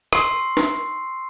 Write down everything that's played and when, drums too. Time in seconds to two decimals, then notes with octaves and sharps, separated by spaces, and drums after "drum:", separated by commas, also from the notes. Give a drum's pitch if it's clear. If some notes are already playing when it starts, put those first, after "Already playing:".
0.13 C6 C#6 E6 C7, drum: rim click
0.57 drum: snare